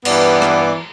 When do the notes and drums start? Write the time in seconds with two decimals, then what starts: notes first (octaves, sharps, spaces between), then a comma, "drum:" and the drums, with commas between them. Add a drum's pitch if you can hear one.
0.05 G2 E3 B3 D5, drum: cymbal
0.42 drum: rim click